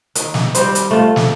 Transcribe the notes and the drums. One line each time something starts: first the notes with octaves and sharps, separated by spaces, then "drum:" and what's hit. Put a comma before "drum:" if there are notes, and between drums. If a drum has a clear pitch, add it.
D#3, drum: hi-hat
drum: snare
G3 C4 C5, drum: hi-hat
drum: hi-hat
A3 F4
drum: snare